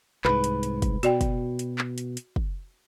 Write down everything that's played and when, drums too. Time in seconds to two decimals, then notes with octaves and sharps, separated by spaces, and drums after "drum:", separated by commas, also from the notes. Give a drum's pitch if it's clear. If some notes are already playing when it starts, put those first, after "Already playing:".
0.25 C2 G#2 B4, drum: clap
0.44 drum: hi-hat
0.63 drum: hi-hat
0.82 drum: kick, hi-hat
1.03 B2 F#4 D5 G5, drum: hi-hat
1.21 drum: kick, hi-hat
1.59 drum: hi-hat
1.78 drum: clap
1.98 drum: hi-hat
2.17 drum: hi-hat
2.36 drum: kick